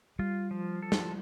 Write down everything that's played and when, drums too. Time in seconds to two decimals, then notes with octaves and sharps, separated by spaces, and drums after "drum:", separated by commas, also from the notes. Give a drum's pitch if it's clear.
0.19 G3 F4
0.51 F3
0.82 A4
0.92 drum: snare